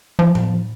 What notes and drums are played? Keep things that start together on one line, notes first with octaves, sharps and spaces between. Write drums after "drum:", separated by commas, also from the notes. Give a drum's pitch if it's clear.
F3
drum: tom A2